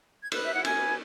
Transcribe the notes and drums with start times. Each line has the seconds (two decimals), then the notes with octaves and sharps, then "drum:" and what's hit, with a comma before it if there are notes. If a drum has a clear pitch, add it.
0.23 G#6
0.32 B4 F#6, drum: cymbal
0.44 E5
0.54 E4 F#5
0.65 G#5, drum: cymbal
0.74 B4